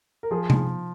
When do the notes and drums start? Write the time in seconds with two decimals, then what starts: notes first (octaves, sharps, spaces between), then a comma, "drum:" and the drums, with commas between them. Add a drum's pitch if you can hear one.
0.23 A#4
0.31 F3 G#4
0.50 drum: tom C3